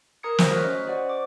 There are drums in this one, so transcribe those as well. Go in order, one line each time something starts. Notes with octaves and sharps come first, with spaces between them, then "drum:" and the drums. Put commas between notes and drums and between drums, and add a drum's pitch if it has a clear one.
A#4 A#5 D#6 G#6 C#7
C5 E5 A#6, drum: snare
F#4 C#5 F6 F#6 B6
C#4 D#5
F#4 C5 D5 F#5
D6